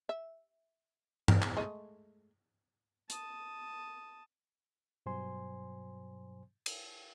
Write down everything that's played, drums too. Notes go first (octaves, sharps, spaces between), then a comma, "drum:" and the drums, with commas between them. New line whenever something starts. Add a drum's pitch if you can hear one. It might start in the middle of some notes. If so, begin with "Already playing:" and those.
E5
A#4, drum: tom G2
drum: clap
G#3 A3 D#5
A5 D#6, drum: hi-hat
G2 B2 F#3 C5 G#5 C6
drum: cymbal